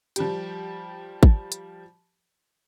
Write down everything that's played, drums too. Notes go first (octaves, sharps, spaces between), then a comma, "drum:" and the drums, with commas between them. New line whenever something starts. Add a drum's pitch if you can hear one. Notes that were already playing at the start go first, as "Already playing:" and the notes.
F3 G3 G4, drum: hi-hat
drum: kick G#1
drum: hi-hat